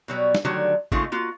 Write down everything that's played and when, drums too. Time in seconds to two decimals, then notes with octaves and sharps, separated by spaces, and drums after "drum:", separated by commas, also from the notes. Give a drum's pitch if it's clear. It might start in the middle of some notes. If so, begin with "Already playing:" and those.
0.08 B2 F#3 G3
0.35 drum: snare
0.45 D3 D#3 F#3 G3 A3
0.92 C#3 G#3 A3 D#4 F4, drum: kick G#1
1.12 A#3 F4 F#4